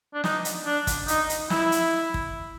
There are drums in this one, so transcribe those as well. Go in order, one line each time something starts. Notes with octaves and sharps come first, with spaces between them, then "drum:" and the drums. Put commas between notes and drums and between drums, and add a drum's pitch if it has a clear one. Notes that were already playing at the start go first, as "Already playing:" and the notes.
D4
D#4, drum: snare
drum: hi-hat
D4
drum: kick, hi-hat
D#4, drum: hi-hat
drum: hi-hat
E4, drum: snare
drum: hi-hat
drum: kick